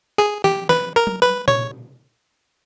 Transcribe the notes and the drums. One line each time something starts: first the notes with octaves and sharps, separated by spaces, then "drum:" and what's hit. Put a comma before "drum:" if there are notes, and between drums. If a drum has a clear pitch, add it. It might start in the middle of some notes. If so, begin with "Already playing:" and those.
G#4
G4, drum: snare
B4, drum: snare
A#4
drum: tom F#3
B4
C#5, drum: tom A#2